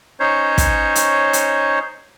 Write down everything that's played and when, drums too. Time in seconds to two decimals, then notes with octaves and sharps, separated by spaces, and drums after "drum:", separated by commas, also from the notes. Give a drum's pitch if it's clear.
0.20 C#4 D#4 C5 C#5
0.58 drum: kick, hi-hat
0.95 drum: hi-hat
1.33 drum: hi-hat